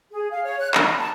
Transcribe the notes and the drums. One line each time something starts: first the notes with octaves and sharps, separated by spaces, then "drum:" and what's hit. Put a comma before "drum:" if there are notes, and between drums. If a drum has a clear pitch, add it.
G#4
F5
C#5
F#6
A#5, drum: clap
B5
A5